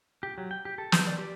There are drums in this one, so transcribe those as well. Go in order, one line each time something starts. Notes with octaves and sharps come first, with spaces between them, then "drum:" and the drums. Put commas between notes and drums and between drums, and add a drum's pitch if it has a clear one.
G4
F#3
G5
G4
A4
G6, drum: snare
D5
G4